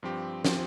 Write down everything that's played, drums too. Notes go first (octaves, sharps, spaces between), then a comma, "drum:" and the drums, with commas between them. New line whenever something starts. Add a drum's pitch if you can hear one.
G2 F3 C4 G4
F3 C4 G4, drum: snare